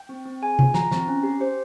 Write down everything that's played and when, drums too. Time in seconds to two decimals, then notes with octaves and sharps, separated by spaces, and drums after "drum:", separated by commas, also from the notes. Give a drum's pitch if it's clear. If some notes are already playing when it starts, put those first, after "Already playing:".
Already playing: G5
0.09 C4
0.26 C4
0.42 G#4 G#5
0.59 F4, drum: tom C3
0.74 F4 A#5, drum: snare
0.92 C4, drum: snare
1.08 C#4
1.23 G4
1.40 G4 C5